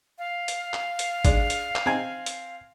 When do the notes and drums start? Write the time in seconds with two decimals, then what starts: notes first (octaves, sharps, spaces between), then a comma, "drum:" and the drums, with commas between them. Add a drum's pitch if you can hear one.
0.19 F5
0.48 drum: hi-hat
0.74 drum: clap
0.99 drum: hi-hat
1.25 G#3 D4, drum: kick, hi-hat
1.50 drum: hi-hat
1.75 drum: clap
1.86 C4 G#5
2.26 drum: hi-hat